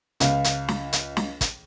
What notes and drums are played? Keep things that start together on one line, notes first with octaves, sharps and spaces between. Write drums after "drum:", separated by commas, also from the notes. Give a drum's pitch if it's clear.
C#2 F5, drum: hi-hat
drum: hi-hat
drum: snare
drum: hi-hat
drum: snare
drum: kick, hi-hat